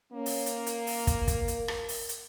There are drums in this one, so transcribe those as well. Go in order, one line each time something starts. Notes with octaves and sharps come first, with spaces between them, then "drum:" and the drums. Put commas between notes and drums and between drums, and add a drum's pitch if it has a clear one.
A#3 C#4
drum: open hi-hat
drum: hi-hat
A#4, drum: hi-hat
drum: open hi-hat
drum: kick, hi-hat
drum: kick, hi-hat
drum: hi-hat
drum: rim click
drum: open hi-hat
drum: hi-hat